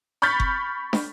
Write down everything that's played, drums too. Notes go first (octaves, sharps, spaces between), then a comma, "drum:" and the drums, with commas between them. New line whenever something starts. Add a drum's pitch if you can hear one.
B5 C#6 F6 G6 A6 B6
drum: kick F#1
drum: snare